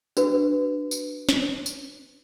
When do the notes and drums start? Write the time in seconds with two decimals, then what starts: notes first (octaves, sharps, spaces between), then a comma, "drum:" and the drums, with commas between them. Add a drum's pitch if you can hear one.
0.17 D4 F#4 B4, drum: tambourine
0.91 drum: tambourine
1.29 drum: snare
1.66 drum: tambourine